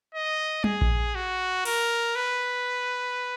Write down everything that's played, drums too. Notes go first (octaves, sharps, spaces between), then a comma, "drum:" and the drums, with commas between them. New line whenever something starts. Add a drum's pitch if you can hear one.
D#5
G#4, drum: tom G3
drum: kick A#1
F#4
A#4, drum: cymbal
B4